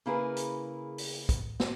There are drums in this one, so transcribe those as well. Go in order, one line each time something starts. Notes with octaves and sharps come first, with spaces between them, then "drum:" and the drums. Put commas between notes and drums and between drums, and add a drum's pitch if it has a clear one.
C#3 A#3 E4 G#4 A#4 B4
drum: hi-hat
drum: open hi-hat
drum: kick, hi-hat
drum: snare